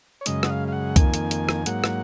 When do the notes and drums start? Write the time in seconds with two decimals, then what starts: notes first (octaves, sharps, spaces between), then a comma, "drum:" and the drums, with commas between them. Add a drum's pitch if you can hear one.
0.21 C#5
0.26 F#2 C#3 G#3 D#5, drum: hi-hat
0.43 F#5, drum: rim click
0.50 F5
0.68 F5
0.72 F#5
0.96 F2 D#3 A#3 G#5, drum: kick C2, hi-hat
1.14 drum: hi-hat
1.31 drum: hi-hat
1.49 drum: rim click
1.66 G#2 F#3 A#3 F#5, drum: hi-hat
1.84 drum: rim click